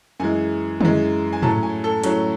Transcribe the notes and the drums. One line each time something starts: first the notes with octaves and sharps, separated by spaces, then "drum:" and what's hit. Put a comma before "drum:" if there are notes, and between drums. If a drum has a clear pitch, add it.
F#2 E3 G#3 G#5
F#2 E3 G#3, drum: tom
G#5
A2 F#3 C#4 A5, drum: tom
G#5
A4
A2 F#3 C#4, drum: hi-hat